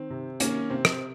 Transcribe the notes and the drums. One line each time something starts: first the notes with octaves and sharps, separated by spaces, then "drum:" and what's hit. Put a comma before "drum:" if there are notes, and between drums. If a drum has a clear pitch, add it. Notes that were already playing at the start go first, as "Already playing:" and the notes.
Already playing: D#3 C4
C3
D#3 A#3 C#4, drum: hi-hat
C3 C4
drum: rim click